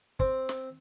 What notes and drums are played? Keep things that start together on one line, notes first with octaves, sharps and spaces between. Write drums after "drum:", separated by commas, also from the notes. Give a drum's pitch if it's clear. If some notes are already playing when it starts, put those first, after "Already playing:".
C4, drum: kick
drum: snare